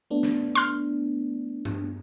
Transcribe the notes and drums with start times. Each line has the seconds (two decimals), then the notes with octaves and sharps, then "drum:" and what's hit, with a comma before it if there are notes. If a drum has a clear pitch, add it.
0.10 A3 B3 D4
0.23 drum: snare
0.55 C6 F6
1.65 drum: tom G2